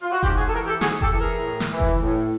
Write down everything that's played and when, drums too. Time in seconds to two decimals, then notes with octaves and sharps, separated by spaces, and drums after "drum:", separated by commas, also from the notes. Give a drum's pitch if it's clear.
0.02 F4
0.12 F#4
0.23 G#2 F4 G4, drum: kick F1
0.37 F#4 G#4
0.48 A4
0.52 E3 G#4 A#4
0.67 G4 A4
0.81 G#2 F#4 G#4, drum: snare
1.01 G4 A4, drum: kick F1
1.12 E3 A4
1.20 G#4 A#4
1.40 A2
1.60 drum: snare
1.70 E3
1.80 drum: kick F1
2.00 A2